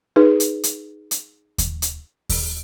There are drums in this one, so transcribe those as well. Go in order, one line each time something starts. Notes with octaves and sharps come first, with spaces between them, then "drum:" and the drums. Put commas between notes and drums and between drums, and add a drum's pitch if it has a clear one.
D#4 G#4 B4
drum: hi-hat
drum: hi-hat
drum: hi-hat
drum: kick D#2, hi-hat
drum: hi-hat
drum: kick D#2, open hi-hat